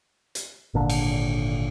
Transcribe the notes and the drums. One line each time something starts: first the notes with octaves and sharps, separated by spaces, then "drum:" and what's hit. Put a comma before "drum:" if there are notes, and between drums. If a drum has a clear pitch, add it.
drum: hi-hat
G#1 A#2 D3
drum: cymbal